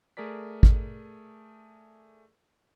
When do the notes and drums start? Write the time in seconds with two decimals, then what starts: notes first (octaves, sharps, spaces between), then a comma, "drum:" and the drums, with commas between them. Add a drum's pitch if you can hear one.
0.17 A3 G#4 A#4 D5 B6
0.63 drum: kick